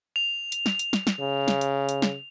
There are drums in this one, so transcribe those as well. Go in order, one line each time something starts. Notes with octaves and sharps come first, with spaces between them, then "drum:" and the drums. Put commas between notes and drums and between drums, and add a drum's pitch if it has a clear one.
F7
drum: hi-hat
drum: snare
drum: hi-hat
drum: snare
drum: snare
C#3
drum: snare
drum: hi-hat
drum: hi-hat
drum: snare